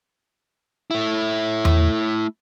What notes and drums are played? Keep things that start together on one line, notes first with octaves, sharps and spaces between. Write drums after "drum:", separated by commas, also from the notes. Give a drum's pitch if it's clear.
A3 E4
drum: tom E2